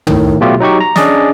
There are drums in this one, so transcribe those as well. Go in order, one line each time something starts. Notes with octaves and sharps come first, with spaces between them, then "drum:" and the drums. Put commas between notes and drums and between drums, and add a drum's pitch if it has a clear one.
A2 D#3, drum: tom
B2 F#3 A3 F4 G4
F#3 D#4 G4 C#6
A#5
C#4 D4 G#4 D5 D#5, drum: snare